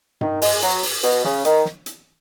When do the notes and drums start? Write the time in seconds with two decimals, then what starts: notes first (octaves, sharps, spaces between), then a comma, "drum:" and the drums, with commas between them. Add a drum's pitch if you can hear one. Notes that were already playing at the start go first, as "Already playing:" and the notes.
0.21 D#3, drum: tom G2
0.42 G#3, drum: open hi-hat
0.62 F#3, drum: hi-hat
0.83 drum: open hi-hat
1.03 B2, drum: hi-hat
1.24 C#3, drum: snare
1.45 D#3, drum: hi-hat
1.65 drum: snare
1.86 drum: hi-hat